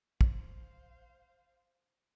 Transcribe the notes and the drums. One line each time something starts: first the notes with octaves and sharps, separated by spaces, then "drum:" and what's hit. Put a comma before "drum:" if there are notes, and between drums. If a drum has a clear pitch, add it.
C5 F5, drum: kick